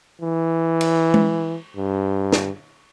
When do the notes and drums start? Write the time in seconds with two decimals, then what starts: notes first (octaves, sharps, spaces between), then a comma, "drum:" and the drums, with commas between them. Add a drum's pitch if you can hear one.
0.21 E3
0.81 drum: cymbal
1.14 drum: tom G#3
1.77 G2
2.32 drum: snare